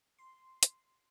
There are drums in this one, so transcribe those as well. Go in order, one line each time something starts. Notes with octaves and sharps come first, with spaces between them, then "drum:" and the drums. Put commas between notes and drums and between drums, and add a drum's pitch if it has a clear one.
C6
drum: hi-hat